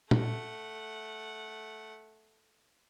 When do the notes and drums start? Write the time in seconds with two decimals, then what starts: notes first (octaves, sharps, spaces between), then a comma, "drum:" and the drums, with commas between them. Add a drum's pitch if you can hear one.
0.11 A3 F#5, drum: tom